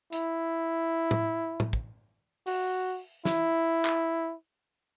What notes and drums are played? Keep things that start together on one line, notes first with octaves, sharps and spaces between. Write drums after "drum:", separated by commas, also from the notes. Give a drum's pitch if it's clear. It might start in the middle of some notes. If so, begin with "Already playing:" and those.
E4, drum: hi-hat
drum: tom A2
drum: tom A2
drum: kick
F#4, drum: open hi-hat
E4, drum: snare
drum: clap